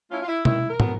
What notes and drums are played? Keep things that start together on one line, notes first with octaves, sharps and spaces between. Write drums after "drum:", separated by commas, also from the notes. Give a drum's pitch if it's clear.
A3 C#4 E4 F4
F4
E4
D#3 E4, drum: tom
A#4
F#3 B3, drum: tom